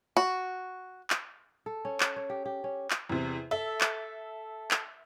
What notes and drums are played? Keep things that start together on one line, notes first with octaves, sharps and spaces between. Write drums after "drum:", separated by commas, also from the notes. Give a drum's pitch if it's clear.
F#4
drum: clap
A4
C#4
drum: clap
C#5
G4
G4
C#4
drum: clap
E2 C3
A4 E5
drum: clap
drum: clap